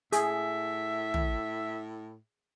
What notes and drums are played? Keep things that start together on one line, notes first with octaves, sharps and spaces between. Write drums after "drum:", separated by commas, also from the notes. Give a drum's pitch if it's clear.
A2 G#4 E5, drum: hi-hat
drum: tom